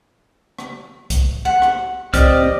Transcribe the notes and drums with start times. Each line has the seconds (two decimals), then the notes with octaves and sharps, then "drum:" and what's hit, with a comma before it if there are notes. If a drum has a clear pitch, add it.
0.59 drum: rim click
1.10 drum: kick C2, hi-hat
1.45 F#5
1.62 drum: rim click
2.14 C4 G4 D5 D#5 F6, drum: kick C2, hi-hat